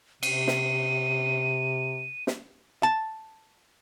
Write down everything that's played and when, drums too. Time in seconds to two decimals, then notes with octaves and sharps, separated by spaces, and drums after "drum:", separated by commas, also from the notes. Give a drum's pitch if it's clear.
0.23 C3 D#7, drum: cymbal
0.47 drum: snare
2.27 drum: snare
2.83 A5